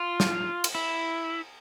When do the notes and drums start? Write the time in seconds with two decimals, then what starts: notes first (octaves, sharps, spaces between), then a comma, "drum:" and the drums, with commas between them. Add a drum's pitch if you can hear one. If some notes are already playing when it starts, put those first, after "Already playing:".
Already playing: F4
0.20 drum: snare
0.64 drum: cymbal
0.75 E4